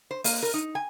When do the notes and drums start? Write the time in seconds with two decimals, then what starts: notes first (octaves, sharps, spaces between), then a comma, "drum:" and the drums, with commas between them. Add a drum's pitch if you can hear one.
0.11 C5
0.24 A#3, drum: open hi-hat
0.43 A#4
0.54 D#4
0.75 G#5